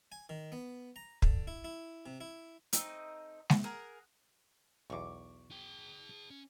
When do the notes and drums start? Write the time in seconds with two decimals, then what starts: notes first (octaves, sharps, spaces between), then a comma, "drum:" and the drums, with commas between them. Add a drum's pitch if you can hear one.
0.12 G#5
0.29 D#3
0.52 B3
0.96 A#5
1.22 D3, drum: kick
1.47 E4
1.64 E4
2.06 C3
2.21 E4
2.73 A3 C4 D#4 D#5, drum: hi-hat
3.50 drum: snare G#3
3.64 G#4 A#4 F#5 A#5
4.90 B1 E2 C#6 D6
5.51 G#4 G5
6.30 C#4